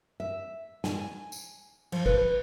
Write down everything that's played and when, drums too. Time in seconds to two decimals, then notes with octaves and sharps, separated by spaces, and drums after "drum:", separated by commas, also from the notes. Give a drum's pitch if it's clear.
0.20 E5
0.84 G#5, drum: snare
1.32 drum: tambourine
1.92 F3, drum: cymbal
2.06 B4, drum: kick